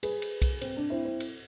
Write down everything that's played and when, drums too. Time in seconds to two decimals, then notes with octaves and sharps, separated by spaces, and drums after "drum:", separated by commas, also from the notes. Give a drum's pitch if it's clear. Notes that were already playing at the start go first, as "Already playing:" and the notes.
0.03 G#4 B4, drum: cymbal
0.22 drum: cymbal
0.42 drum: kick B1, cymbal
0.61 C4, drum: cymbal
0.77 D4
0.90 C4 E4
1.05 C4 E4
1.20 drum: cymbal